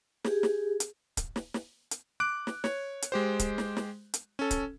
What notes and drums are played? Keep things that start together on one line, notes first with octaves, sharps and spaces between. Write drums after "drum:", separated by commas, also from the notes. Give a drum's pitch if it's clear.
G4 G#4, drum: snare
drum: snare
drum: hi-hat
drum: kick D1, hi-hat
drum: snare
drum: snare
drum: hi-hat
D6 F#6 D7
drum: snare
C#5, drum: snare
drum: hi-hat
G#3 G4 C5
drum: kick D1, hi-hat
drum: snare
drum: snare
drum: hi-hat
C#4 A4
drum: kick D1, hi-hat